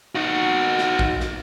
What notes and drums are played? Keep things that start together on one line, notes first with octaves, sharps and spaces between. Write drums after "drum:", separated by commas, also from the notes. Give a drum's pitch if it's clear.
D#4 F#4
drum: snare
drum: kick
drum: snare